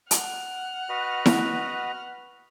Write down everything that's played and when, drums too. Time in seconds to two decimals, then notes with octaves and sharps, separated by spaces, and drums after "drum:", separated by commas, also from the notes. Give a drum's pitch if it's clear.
0.11 F#5 F6, drum: hi-hat
0.89 F#4 B4 D#5
1.26 drum: snare E4